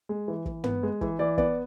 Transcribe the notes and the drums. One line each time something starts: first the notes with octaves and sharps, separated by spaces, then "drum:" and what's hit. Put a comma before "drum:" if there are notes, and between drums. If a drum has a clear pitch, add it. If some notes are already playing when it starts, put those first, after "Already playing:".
G#3
E3
E3, drum: kick
B3, drum: tom
G#3
E3, drum: kick
E3 D5
B3 D5, drum: kick